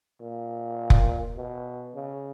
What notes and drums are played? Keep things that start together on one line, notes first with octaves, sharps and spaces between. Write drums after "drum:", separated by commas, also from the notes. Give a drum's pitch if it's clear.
A#2
drum: kick F1
B2
C#3